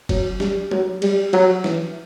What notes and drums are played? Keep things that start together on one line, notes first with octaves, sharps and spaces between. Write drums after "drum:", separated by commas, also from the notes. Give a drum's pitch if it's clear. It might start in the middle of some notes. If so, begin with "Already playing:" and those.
F#3, drum: kick, cymbal
G3, drum: snare
F#3, drum: tom F#3
G3, drum: cymbal
F#3, drum: cymbal
E3, drum: snare